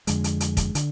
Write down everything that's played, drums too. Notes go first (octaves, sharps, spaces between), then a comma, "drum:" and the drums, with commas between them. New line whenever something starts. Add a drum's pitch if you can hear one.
F2 D3 G#3, drum: hi-hat
drum: hi-hat
drum: hi-hat
drum: kick, hi-hat
D3, drum: hi-hat